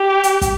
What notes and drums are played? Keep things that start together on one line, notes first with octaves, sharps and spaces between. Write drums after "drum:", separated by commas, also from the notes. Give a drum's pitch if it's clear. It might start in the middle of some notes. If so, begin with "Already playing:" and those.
Already playing: G4
drum: hi-hat
drum: kick, hi-hat